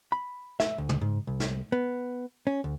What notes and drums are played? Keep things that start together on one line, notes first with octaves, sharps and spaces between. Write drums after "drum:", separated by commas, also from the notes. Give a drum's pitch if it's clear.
B5
E5, drum: snare
D2
drum: tom
G#2
C2
drum: snare
B3
C#4
D2